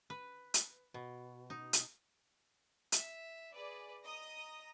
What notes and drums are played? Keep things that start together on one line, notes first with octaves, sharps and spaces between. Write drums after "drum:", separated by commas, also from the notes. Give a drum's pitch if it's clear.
B4
drum: hi-hat
B2
D#4
drum: hi-hat
E5, drum: hi-hat
G#4 B4 D5
D#5 A#5 D#6 A#6